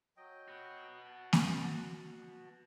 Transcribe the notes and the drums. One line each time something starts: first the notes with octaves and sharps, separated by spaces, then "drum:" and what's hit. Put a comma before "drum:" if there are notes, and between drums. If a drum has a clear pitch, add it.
F#3 D#5 G5
F#4 B4
A5
drum: snare A#3